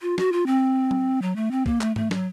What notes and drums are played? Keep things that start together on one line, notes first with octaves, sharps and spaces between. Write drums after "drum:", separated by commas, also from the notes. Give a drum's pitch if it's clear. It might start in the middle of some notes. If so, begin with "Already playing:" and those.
F4
F#4, drum: snare
F4
C4
drum: tom F#3
F#3
A3
C4
A#3, drum: kick
A3, drum: clap
A3, drum: tom G#2
F#3, drum: snare